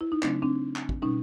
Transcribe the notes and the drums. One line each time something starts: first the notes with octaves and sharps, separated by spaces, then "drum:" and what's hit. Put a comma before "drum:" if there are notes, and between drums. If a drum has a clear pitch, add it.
E4
D#4
C#3 F#3 A3 C4 D4, drum: clap
C4 D4
drum: clap
drum: kick
B2 G3 C#4 D#4